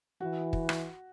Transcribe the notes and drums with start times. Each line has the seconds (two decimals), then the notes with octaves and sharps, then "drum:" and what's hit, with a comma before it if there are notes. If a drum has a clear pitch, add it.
0.21 E3 F#4
0.53 drum: kick
0.69 drum: rim click